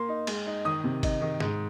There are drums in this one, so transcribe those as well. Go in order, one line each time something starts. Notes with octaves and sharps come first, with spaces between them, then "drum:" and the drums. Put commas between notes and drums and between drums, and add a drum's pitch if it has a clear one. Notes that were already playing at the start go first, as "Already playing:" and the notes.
Already playing: A#3 C6
D#4
G#3, drum: cymbal
D#4
D#3 D#6
C3
D#4, drum: kick, cymbal
D#3
G#2, drum: snare